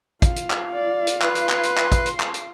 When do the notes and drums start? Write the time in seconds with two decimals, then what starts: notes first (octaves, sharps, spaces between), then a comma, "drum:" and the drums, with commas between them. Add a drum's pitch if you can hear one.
0.22 F4 F5, drum: kick, hi-hat
0.36 drum: hi-hat
0.50 drum: clap
0.74 D5
1.07 drum: hi-hat
1.22 B4 C6, drum: clap
1.35 drum: hi-hat
1.49 drum: clap
1.63 drum: hi-hat
1.78 drum: clap
1.92 drum: kick, hi-hat
2.06 drum: hi-hat
2.20 drum: clap
2.34 drum: hi-hat